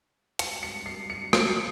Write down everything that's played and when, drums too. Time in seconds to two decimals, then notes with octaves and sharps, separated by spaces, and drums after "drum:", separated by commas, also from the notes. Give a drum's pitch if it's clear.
0.39 C#7, drum: hi-hat
0.63 C#7
0.86 C7
1.10 C#7
1.33 C7, drum: rim click
1.47 C#7